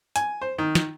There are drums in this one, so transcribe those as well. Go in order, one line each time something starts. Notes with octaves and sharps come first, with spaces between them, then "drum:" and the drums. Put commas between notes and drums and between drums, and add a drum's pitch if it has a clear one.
G#5, drum: hi-hat
C5
D#3
drum: snare